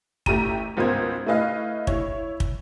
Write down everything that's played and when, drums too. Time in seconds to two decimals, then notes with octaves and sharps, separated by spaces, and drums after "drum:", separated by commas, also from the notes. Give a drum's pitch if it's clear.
0.26 A1 A3 G4 A#5 D#7, drum: kick
0.77 G#1 C#2 B3 A#4 C5 G#6
1.26 A3 E4 B4 D#5 F5
1.87 E4 C#5, drum: kick
2.40 drum: kick